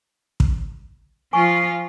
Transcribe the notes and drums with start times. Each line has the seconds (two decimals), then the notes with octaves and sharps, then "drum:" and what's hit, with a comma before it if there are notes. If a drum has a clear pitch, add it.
0.40 drum: kick
1.33 F3 F4 G#5 C#6